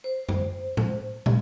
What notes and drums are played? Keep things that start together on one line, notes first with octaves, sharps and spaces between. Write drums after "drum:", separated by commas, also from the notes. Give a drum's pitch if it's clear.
C5
drum: tom F#2
drum: tom A2
drum: tom